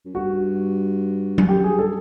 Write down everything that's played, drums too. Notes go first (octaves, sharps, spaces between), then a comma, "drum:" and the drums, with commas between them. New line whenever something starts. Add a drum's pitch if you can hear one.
F#2
G2 F#4
drum: tom F#3
F#2 G4
G#4
G2
A4